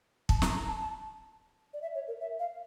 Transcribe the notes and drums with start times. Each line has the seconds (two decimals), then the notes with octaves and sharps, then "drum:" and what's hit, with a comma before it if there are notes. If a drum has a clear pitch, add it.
0.29 A5, drum: kick
0.42 A#5, drum: snare
0.55 A#5
0.68 A5
0.80 A5
1.74 D5
1.82 E5
1.95 C#5
2.08 A#4
2.21 E5
2.39 F5